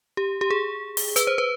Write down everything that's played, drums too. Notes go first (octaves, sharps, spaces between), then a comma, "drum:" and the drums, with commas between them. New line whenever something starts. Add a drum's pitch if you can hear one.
G4
G4
G#4
drum: open hi-hat
B4, drum: hi-hat
C5
B4